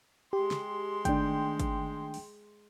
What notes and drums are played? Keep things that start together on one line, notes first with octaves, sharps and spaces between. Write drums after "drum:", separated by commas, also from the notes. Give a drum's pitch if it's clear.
G#3 G4 C6
drum: snare
D#3 A3 D4 G5, drum: kick, hi-hat
drum: kick, hi-hat
drum: open hi-hat